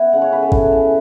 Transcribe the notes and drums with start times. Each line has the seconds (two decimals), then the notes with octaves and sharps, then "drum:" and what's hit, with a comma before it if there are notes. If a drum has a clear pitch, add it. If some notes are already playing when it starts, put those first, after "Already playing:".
Already playing: B3 E4
0.13 C#3 F#5
0.22 C#5
0.33 B3 B4
0.42 A4
0.52 E3, drum: kick G#1
0.72 E3